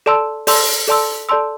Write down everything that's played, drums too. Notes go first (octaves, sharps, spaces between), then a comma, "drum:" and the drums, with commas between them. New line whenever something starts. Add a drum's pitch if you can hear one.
A4 D5 A5 C6 E6
A4 D5 A5 C6 E6, drum: open hi-hat
A4 D5 A5 C6 E6
A4 D5 A5 C6 E6